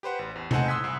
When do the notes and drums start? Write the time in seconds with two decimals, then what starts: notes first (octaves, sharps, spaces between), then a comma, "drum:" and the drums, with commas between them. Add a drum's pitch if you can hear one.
0.03 G4 B4 C5 F#5
0.19 A1
0.36 E2
0.51 C4 D#4 A4 C5 F#5 G#5, drum: tom C3
0.68 C6 D#6 E6 F#6 G#6 B6
0.84 C2 E6